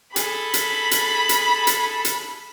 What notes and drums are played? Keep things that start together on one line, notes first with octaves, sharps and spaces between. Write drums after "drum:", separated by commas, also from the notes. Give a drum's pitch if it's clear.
G#4 A4 A5 B5, drum: hi-hat
drum: hi-hat
drum: hi-hat
drum: hi-hat
drum: hi-hat
drum: hi-hat